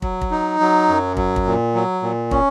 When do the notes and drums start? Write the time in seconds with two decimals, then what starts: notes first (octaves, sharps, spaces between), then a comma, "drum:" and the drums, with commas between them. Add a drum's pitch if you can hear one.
0.02 F#3, drum: kick
0.21 drum: kick
0.31 D#4
0.60 F#3
0.89 F#2
1.17 F#3, drum: kick
1.36 drum: kick
1.46 A#2
1.75 F#3
2.02 A#2
2.31 C#4, drum: kick